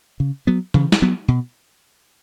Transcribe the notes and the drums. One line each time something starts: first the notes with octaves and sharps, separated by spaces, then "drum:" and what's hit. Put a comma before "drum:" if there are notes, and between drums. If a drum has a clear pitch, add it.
C#3
F#3 B3
C#3, drum: tom E3
drum: snare
F#3 B3
B2